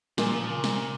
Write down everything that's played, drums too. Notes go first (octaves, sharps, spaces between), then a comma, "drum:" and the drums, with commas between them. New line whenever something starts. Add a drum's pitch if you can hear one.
A#2 F3, drum: snare
F3
C#3
C3, drum: snare